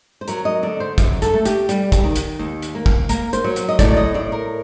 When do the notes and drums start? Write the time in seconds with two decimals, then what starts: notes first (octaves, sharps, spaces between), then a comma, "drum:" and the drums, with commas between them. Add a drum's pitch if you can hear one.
0.21 C5
0.28 F#3 A#4, drum: hi-hat
0.45 D#5
0.63 D3 D5
0.80 C5
0.98 F#2, drum: kick, hi-hat
1.22 A4, drum: hi-hat
1.34 A3
1.45 G4, drum: hi-hat
1.69 G3, drum: hi-hat
1.92 drum: kick, hi-hat
2.04 D#3
2.16 drum: hi-hat
2.39 D#2
2.62 drum: hi-hat
2.75 A#3
2.86 drum: kick
3.09 A#3 A#4, drum: hi-hat
3.33 C5, drum: hi-hat
3.44 F#3
3.56 drum: hi-hat
3.69 D#5
3.79 A2 D5, drum: kick, hi-hat
3.97 D#5
4.14 A2 D5
4.32 A#4